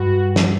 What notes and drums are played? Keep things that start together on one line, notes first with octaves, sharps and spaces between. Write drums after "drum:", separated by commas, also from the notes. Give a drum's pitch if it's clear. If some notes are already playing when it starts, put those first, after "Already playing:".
Already playing: G2 F#4
drum: snare